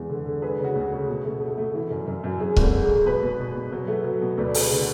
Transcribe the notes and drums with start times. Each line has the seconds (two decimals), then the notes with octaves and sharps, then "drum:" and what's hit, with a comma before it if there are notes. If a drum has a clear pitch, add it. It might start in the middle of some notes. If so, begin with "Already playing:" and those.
Already playing: E2 G#3
0.09 D3
0.26 D3
0.42 G#3 G#4 B4
0.59 C#3
0.64 F#4
0.75 D2
0.87 F#4
0.92 C#3
1.08 B2
1.25 A3
1.41 A3
1.58 A3
1.75 E3
1.91 F#2
2.07 F#2
2.24 F#2
2.40 F#2 G#4
2.56 G#1, drum: kick C#1
2.62 F#4 A4
2.73 G#3
2.84 G#4
2.90 G#3
3.06 B2 G#4 B4
3.23 B2
3.39 B2
3.55 B2
3.72 F#3
3.88 A3
4.04 F#3
4.21 B2
4.38 D2 B4 D5
4.54 A3 G#4 B4, drum: open hi-hat
4.71 D3